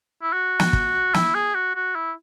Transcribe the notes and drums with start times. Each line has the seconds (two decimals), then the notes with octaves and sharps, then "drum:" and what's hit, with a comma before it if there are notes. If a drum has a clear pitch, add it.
0.23 E4
0.33 F#4
0.59 drum: snare
0.73 drum: kick
1.14 E4, drum: snare
1.35 G#4
1.55 F#4
1.75 F#4
1.95 E4